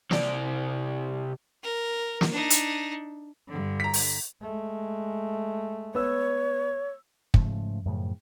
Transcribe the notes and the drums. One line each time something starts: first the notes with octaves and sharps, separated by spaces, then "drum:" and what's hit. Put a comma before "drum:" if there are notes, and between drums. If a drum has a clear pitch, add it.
C3 D5, drum: snare
A#4
drum: snare
D4 D#4
drum: hi-hat
G2 D3
A#5 B6
drum: open hi-hat
G#3 A3
B3 C#5 E6
G#2 C#3 F3 A3, drum: kick
F#2 A2 C#3 F3